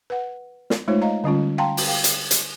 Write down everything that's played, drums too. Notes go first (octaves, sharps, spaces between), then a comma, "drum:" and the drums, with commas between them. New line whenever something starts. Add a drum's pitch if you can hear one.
B4 F#5
drum: snare
G#3 A3 D#4 F4 C5 C#5
D#5 F5 A#5
D3 G3 C#4 F4
F5 G5 A5 A#5 C6
drum: open hi-hat
F5 G5
drum: hi-hat
drum: hi-hat